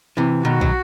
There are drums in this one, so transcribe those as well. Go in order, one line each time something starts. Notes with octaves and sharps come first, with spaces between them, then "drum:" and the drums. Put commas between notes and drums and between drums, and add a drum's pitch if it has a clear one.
C3 E3
B2 D#3 F#4
F#3, drum: kick